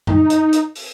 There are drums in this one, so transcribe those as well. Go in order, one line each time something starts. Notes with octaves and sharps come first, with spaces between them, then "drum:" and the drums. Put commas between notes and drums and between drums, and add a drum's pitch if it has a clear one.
D#4, drum: tom F#2
drum: hi-hat
drum: hi-hat
drum: open hi-hat